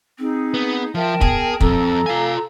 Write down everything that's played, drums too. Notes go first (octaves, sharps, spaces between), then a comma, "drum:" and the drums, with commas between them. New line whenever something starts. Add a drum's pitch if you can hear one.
C4 D#4 G#4
B3
F3 A#4 E5 G5 A5
B3 G#4, drum: kick
F2 C4 A4 A#5, drum: kick
F4 F5 G#5